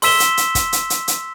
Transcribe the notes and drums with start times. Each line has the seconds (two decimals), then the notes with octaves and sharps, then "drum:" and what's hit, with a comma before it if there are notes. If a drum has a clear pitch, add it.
0.02 C6 E6 B6 E7 G7, drum: open hi-hat
0.20 drum: hi-hat
0.37 drum: hi-hat
0.55 drum: kick, hi-hat
0.73 drum: hi-hat
0.90 drum: hi-hat
1.08 drum: hi-hat